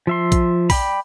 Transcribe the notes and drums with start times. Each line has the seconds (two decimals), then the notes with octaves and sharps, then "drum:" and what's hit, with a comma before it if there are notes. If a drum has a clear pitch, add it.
0.07 F3 E5 C6
0.32 drum: kick A#1, hi-hat
0.70 D5 G5 B5, drum: kick A#1, open hi-hat